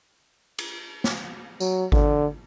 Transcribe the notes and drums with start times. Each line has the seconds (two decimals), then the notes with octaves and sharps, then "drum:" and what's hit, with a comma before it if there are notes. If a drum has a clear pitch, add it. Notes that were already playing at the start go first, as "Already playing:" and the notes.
0.58 drum: cymbal
1.04 drum: snare
1.60 F#3, drum: tambourine
1.92 D3, drum: kick G#1